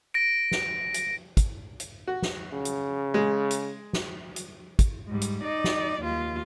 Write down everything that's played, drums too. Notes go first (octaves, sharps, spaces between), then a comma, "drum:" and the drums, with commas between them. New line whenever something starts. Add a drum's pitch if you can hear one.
A#6 D7
drum: snare
drum: hi-hat
drum: kick, hi-hat
drum: hi-hat
F#4
drum: snare
C#3
drum: hi-hat
G#3
drum: hi-hat
drum: snare
drum: hi-hat
drum: kick, hi-hat
G#2 G3
drum: hi-hat
D#4 D5
drum: snare
D#2 F4